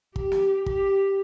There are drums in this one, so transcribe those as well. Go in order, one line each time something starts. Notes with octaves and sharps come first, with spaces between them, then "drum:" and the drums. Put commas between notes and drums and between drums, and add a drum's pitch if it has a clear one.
G4, drum: kick
drum: snare
G4, drum: kick